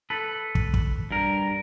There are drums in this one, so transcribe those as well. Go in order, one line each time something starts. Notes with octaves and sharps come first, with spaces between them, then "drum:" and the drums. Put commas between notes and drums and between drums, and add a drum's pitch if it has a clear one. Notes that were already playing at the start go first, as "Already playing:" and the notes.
A4 B4
drum: kick
drum: kick
G2 A#4